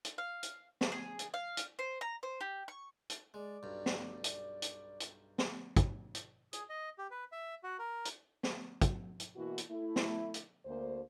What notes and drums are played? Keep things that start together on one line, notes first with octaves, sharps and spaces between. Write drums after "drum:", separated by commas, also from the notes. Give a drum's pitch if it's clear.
drum: hi-hat
F5
drum: hi-hat
drum: snare
G#4
drum: hi-hat
F5
drum: hi-hat
C5
A#5
C5
G4
C#6
drum: hi-hat
G#3 D5
B1 G2
drum: snare
drum: hi-hat
drum: hi-hat
drum: hi-hat
drum: snare
drum: kick, hi-hat
drum: hi-hat
G#4, drum: hi-hat
D#5
G4
B4
E5
F#4
A#4
drum: hi-hat
drum: snare
drum: kick, hi-hat
drum: hi-hat
B2 E3 A#3 E4 F#4
drum: hi-hat
A3 E4
drum: snare
drum: hi-hat
D2 A#3 C5